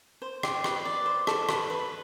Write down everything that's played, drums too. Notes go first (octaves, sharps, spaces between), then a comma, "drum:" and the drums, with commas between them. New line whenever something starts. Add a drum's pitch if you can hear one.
C5
G4, drum: rim click
B4, drum: rim click
D5
C5
A4, drum: rim click
B4, drum: rim click
B4